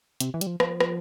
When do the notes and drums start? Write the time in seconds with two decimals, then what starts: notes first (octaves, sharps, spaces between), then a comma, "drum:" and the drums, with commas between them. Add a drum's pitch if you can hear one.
0.20 C3, drum: hi-hat
0.34 E3
0.41 G3, drum: hi-hat
0.47 F3
0.60 F3, drum: rim click
0.80 drum: rim click